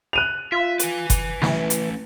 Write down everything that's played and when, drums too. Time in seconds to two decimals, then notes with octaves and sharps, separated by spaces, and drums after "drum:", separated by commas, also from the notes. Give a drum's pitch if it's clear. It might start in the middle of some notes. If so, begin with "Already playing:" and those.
0.13 F#6 D#7 F7
0.52 F4 E5
0.79 B4 G#5, drum: hi-hat
1.10 drum: kick F#1, hi-hat
1.42 E3 A3 C#4, drum: snare
1.70 drum: hi-hat